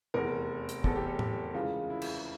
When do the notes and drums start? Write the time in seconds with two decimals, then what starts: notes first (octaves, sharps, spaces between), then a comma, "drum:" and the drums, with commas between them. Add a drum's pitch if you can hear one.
0.14 F1 E2 E3 A#4
0.69 drum: hi-hat
0.84 F1 E2 E3 A4, drum: kick
0.95 G4
1.07 A4
1.19 G4, drum: tom A2
1.54 C#2 C#3 E3 F4
1.90 E4
2.02 drum: cymbal